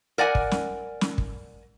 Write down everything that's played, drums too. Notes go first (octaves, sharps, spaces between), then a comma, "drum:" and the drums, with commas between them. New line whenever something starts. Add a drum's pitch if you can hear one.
A#4 D5 F#5 G#5
drum: kick
drum: snare
drum: snare
drum: kick